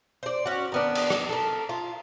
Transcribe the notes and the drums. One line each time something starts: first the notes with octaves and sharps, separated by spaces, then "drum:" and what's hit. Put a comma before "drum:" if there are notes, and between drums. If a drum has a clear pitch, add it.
C5 D5
C#4 F#4
D#3 B3 D4
drum: cymbal
drum: rim click
A4 A#4
F4